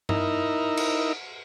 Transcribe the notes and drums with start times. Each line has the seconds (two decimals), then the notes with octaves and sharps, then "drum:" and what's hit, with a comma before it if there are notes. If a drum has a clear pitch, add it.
0.09 D#4 E4 A#4, drum: tom G2
0.77 drum: cymbal